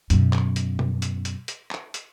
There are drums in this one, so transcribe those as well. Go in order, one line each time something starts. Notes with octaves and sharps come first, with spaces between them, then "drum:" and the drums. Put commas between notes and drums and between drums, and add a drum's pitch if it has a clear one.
F#2 B2, drum: hi-hat
drum: clap
drum: hi-hat
drum: tom B2
drum: hi-hat
drum: hi-hat
drum: hi-hat
drum: clap
drum: hi-hat